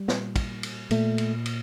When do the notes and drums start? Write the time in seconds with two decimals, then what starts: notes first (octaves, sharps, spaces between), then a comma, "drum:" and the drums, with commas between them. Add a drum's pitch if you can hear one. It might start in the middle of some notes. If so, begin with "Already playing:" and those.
Already playing: G3
0.08 A#2, drum: snare
0.36 drum: kick, cymbal
0.63 drum: cymbal
0.91 A#2 A3, drum: cymbal
1.18 drum: cymbal
1.46 drum: cymbal